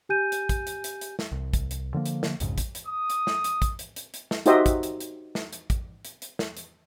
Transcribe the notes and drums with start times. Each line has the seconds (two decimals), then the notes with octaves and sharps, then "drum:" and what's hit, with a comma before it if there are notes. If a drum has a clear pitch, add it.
0.09 G4 G#5 G6 D#7
0.32 drum: hi-hat
0.49 drum: kick, hi-hat
0.67 drum: hi-hat
0.84 drum: hi-hat
1.01 drum: hi-hat
1.19 drum: snare
1.32 C2
1.53 drum: kick, hi-hat
1.71 drum: hi-hat
1.94 D3 F3 A#3
2.06 drum: hi-hat
2.23 drum: snare
2.40 B1 F2 G#2 C#3, drum: hi-hat
2.58 drum: kick, hi-hat
2.75 drum: hi-hat
2.87 D#6
3.10 drum: hi-hat
3.27 drum: snare
3.44 drum: hi-hat
3.62 drum: kick, hi-hat
3.79 drum: hi-hat
3.96 drum: hi-hat
4.14 drum: hi-hat
4.31 drum: snare
4.46 D#4 F#4 G4 C5 D#5 E5, drum: hi-hat
4.66 drum: kick, hi-hat
4.83 drum: hi-hat
5.00 drum: hi-hat
5.35 drum: snare
5.53 drum: hi-hat
5.70 drum: kick, hi-hat
6.05 drum: hi-hat
6.22 drum: hi-hat
6.39 drum: snare
6.57 drum: hi-hat